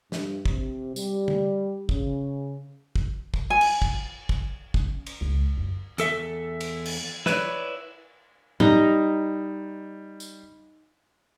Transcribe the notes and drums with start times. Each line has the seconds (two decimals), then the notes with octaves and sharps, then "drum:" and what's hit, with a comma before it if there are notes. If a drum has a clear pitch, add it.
0.12 G2, drum: snare
0.46 C3, drum: kick
0.96 G3, drum: tambourine
1.28 drum: tom
1.89 C#3, drum: kick
2.96 drum: kick
3.34 drum: kick
3.50 G#5
3.61 drum: cymbal
3.82 drum: kick
4.29 drum: kick
4.74 C#4, drum: kick
5.06 drum: cymbal
5.21 C#2
5.57 F#2
5.98 E2 A4 E5, drum: hi-hat
6.61 drum: cymbal
6.85 drum: cymbal
7.26 E4 B4 C#5 D5, drum: snare
8.60 G3 D#4 A#5, drum: tom
10.20 drum: tambourine